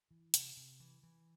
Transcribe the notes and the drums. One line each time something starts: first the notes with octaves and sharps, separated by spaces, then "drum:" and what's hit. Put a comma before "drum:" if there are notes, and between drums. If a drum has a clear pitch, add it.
E3
C3, drum: hi-hat
C3
E3
E3